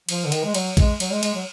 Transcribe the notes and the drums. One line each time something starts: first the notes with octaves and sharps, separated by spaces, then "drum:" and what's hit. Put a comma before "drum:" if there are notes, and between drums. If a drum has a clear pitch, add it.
F3, drum: cymbal
D3
D#3, drum: cymbal
G#3
F#3, drum: cymbal
G#3, drum: kick A1, cymbal
F#3, drum: cymbal
G#3
G#3, drum: cymbal
F#3